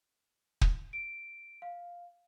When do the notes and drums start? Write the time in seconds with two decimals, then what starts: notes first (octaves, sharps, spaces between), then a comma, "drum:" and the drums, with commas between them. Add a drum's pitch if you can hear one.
0.61 drum: kick
0.93 D7
1.62 F5